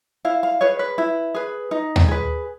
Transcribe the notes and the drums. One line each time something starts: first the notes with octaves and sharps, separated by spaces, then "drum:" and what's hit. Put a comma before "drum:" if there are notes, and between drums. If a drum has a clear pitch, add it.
E4 F5
F5
G#4 B4 C#5
B4
E4
G#4 B4
D#4
drum: tom D#2
G#4 B4